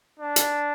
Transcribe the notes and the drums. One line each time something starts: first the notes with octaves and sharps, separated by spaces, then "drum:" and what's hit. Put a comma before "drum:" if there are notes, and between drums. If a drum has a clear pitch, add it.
D4
drum: hi-hat